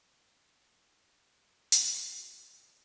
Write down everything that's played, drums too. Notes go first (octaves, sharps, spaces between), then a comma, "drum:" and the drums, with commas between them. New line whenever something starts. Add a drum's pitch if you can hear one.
C#4 F#4 E5 G5 C6, drum: hi-hat